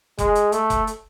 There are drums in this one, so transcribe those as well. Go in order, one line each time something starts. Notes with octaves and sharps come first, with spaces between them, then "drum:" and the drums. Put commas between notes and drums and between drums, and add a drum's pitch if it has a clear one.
G#3, drum: kick F1, hi-hat
drum: hi-hat
A3, drum: hi-hat
drum: kick F1, hi-hat
drum: hi-hat